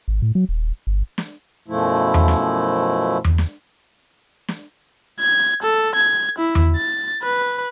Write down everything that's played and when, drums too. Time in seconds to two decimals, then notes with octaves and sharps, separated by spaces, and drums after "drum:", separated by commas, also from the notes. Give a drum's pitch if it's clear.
0.08 G#1
0.22 A2
0.35 F#3
0.49 D#1
0.87 G1
1.18 drum: snare
1.68 F#2 B2 F3 A3 E4
2.14 drum: tom E2
2.28 drum: snare
3.24 drum: tom E2
3.38 drum: snare
4.49 drum: snare
5.20 G#6
5.62 A4
5.95 G#6
6.38 E4
6.55 drum: tom E2
6.76 A6
7.23 B4